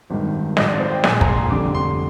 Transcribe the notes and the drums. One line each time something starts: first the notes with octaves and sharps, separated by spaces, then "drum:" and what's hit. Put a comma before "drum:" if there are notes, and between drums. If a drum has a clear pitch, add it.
G#1 G2 D#3
G#1 G#2 F3 D#5, drum: snare
D5
C5
G5
A#1 A#2 G#3 G#5, drum: snare
A#5, drum: kick
C6
F1 F2 D3 G3 D6
C6